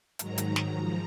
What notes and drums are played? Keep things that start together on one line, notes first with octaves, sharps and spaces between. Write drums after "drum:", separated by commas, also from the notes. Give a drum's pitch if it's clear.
G#2 D#3 F#3 A#5, drum: hi-hat
drum: hi-hat
drum: snare
G#2 F3